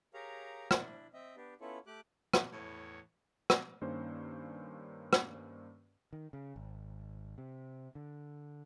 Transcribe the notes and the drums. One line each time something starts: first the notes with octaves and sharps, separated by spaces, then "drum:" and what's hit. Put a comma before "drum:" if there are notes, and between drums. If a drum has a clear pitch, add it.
G4 G#4 A#4 C#5 F5 A#5
D4 E4, drum: rim click
C4 D#5 E5
B3 D4 G4
B3 C#4 E4 F4 A4 C#5
A3 G4 D6 F#6
drum: rim click
E2 A2 C#5
drum: rim click
G2 D#3 A#3 C#4 C5
drum: rim click
D#3
C#3
G#1
C3
D3